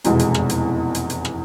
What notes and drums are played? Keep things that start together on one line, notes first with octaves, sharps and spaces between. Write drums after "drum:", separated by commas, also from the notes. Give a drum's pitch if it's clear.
F1 E2 B2 G#3, drum: hi-hat
drum: hi-hat
drum: rim click
drum: hi-hat
drum: hi-hat
drum: hi-hat
drum: rim click